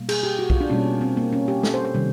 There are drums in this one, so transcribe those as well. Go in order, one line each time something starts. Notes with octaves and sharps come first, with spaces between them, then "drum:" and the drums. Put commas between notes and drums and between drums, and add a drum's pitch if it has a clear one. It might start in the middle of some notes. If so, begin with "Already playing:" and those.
Already playing: B2 G3 A#3
G#4, drum: cymbal
G4
F#4
F4, drum: kick B1
D4
B2 G3 A#3 C#4
C4
A#3
C#4
G4
A4, drum: snare
C5
C5
C3 D#3 G3